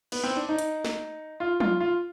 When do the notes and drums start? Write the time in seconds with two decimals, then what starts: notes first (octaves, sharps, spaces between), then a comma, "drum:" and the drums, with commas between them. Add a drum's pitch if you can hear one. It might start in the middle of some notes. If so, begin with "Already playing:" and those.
0.12 B3, drum: cymbal
0.24 C4
0.36 D4
0.49 D#4
0.59 drum: hi-hat
0.85 drum: snare
1.40 F4
1.60 F4, drum: tom
1.80 F4